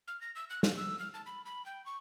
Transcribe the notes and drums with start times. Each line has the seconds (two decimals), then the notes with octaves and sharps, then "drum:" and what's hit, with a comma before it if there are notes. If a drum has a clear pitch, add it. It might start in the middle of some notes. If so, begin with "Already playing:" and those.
0.08 F6
0.21 A#6
0.36 E6
0.50 F#6
0.63 F5, drum: snare
0.77 E6
0.99 F6
1.14 A5
1.26 B5
1.45 B5
1.66 G5
1.86 C#6